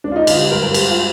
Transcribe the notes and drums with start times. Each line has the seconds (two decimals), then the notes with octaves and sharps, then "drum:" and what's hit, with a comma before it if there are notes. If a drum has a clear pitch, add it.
0.04 G#3 D4
0.11 F4
0.16 D#4
0.27 D3 F4, drum: cymbal
0.39 G4
0.51 G2 A#4
0.62 A#4
0.74 G#3 G4, drum: cymbal
0.86 F4